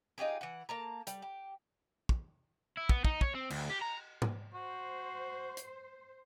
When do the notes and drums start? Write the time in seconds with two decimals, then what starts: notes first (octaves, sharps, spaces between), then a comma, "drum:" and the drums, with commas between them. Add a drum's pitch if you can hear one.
0.18 D#4 F4 G4 G#4
0.41 E3 F#5
0.69 A#3 A5 A#5
1.07 G3, drum: hi-hat
1.22 G4
2.09 drum: kick
2.77 E4
2.89 B3, drum: kick
3.05 D#4, drum: kick
3.21 C#5, drum: kick
3.35 C4
3.50 D2, drum: cymbal
3.70 G4
3.82 A#5
4.22 drum: tom G#2
4.54 F#4 C5
5.57 drum: hi-hat